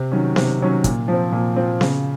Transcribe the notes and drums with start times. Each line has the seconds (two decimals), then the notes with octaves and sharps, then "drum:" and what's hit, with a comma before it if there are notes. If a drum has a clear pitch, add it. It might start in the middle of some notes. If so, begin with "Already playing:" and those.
Already playing: C3
0.12 D#3 F#3 C#4
0.36 C3, drum: snare B3
0.60 D#3 F#3 C#4
0.84 A#2, drum: kick, hi-hat
1.08 F3 C4
1.32 A#2
1.56 F3 C4
1.81 C#3, drum: snare B3